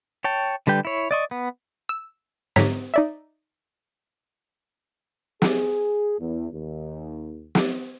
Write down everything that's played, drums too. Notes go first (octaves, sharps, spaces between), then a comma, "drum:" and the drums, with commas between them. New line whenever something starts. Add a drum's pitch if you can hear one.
C#5 G5 A5
D3 G3 B4 G5
E4 C#5
D5 D#5 C#6
B3
E6
G#2 D3 C#5 A#5 B6, drum: snare
D#4 D5 E5
G#4, drum: snare
E2
D#2
drum: snare